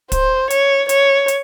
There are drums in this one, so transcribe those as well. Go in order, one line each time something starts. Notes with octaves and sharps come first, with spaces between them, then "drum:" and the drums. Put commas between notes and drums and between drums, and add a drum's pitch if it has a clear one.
C5, drum: kick, hi-hat
C#5, drum: hi-hat
C#5, drum: hi-hat
drum: hi-hat